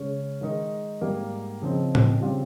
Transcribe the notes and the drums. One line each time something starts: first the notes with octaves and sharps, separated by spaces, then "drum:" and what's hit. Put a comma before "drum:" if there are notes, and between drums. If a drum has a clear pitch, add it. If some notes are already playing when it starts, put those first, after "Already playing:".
Already playing: C#3 G#3 C#4
D#3 G#3 D#4 A#4
G#2 G3 A#3
C#3 F3 C4 D#4
drum: tom A2
C#3 G3 C4 F4